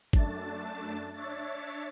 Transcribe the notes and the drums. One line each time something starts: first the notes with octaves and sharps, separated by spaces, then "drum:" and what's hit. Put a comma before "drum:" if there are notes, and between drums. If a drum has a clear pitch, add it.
F#2 A3 D4 A5 A6, drum: kick
D4 C#5 E5 A6